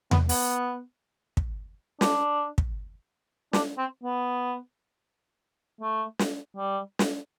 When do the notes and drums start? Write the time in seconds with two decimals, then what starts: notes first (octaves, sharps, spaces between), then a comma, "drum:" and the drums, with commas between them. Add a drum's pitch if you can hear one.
0.11 B3, drum: tom E2
0.29 B3, drum: open hi-hat
1.37 drum: kick
2.01 D4, drum: snare
2.58 drum: kick
3.53 D4, drum: snare
3.78 C4
4.03 B3
5.81 A3
6.19 drum: snare
6.57 G3
6.99 drum: snare